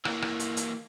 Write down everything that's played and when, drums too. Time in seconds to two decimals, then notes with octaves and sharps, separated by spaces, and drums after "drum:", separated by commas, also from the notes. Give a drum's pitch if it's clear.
0.05 E3 A#3, drum: rim click
0.22 drum: rim click
0.40 drum: hi-hat
0.57 drum: hi-hat